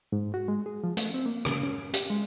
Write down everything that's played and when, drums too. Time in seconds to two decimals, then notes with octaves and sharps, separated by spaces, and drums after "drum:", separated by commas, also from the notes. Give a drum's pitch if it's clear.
0.12 G#2
0.34 F#4
0.48 G#3
0.66 G#4
0.83 F3
0.97 A3, drum: hi-hat
1.14 C4
1.26 A#3
1.45 C#3, drum: rim click
1.63 C#4
1.94 G4, drum: hi-hat
2.10 G#3